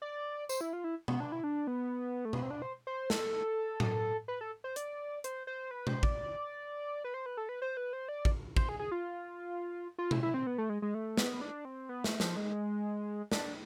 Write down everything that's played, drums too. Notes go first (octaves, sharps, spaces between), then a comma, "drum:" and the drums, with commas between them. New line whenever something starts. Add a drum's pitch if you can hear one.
D5
C5, drum: tambourine
E4
F4
E4
B3, drum: tom B2
D4
E4
D4
B3
A3
B3, drum: tom B2
C4
D4
C5
C5
A4, drum: snare
drum: tom A2
B4
A4
C5
D5, drum: hi-hat
C5, drum: hi-hat
C5
B4
C5, drum: tom B2
D5, drum: kick
B4
C5
B4
A4
B4
C5
B4
C5
D5
drum: kick
C5, drum: kick
G#4
G#4
F4
F4
E4, drum: tom B2
E4
C4
B3
A3
G#3
G#3
A3
B3, drum: snare
D4
C4
B3
A3, drum: snare
F3, drum: snare
G#3
D4, drum: snare